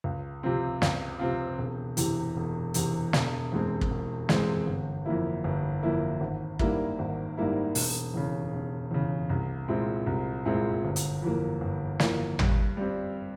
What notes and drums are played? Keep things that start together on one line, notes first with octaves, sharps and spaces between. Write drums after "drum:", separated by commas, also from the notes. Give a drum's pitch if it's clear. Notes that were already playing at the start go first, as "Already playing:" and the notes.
C#2
C3 F3 C4 F4
C#2, drum: snare
C3 F3 C4 F4
E1
E2 C3 E3, drum: hi-hat
E1
E2 C3 E3, drum: hi-hat
E1, drum: snare
E2 E3 G#3 C4
drum: kick
E1
E2 E3 G#3 C4, drum: snare
G1
F2 E3 A#3 E4
G1
F2 E3 A#3 E4
G#1
G#2 G3 A#3 E4, drum: kick
G#1
G#2 G3 A#3 E4
E1, drum: open hi-hat
E2 C#3
E1
E2 C#3
C2
A#2 G#3 C4 E4
C2
A#2 G#3 C4 E4
G1
drum: hi-hat
F2 E3 A#3
G1
F2 E3 A#3, drum: snare
G2, drum: tom
G3 C4